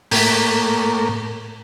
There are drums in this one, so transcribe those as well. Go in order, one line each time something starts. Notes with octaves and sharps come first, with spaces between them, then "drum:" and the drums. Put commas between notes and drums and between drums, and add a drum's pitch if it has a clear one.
A2 A#3, drum: open hi-hat